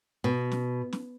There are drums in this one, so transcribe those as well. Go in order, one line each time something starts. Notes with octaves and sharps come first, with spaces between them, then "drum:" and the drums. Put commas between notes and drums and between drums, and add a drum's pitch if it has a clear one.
B2
drum: snare
drum: snare